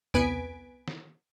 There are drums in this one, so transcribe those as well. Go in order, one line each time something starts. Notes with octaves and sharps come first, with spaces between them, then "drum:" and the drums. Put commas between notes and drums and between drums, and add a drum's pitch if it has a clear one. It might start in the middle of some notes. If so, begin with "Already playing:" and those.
C2 B3 B4 G#5 D7, drum: tom E2
drum: snare